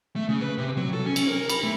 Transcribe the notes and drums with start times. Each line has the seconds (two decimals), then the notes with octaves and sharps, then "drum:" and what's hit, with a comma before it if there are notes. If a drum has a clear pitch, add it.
0.16 A3
0.29 C#3
0.41 B4
0.58 C3
0.77 F#3
0.93 A4
1.06 C#4
1.16 drum: cymbal
1.28 A#4
1.50 B5, drum: cymbal
1.63 A3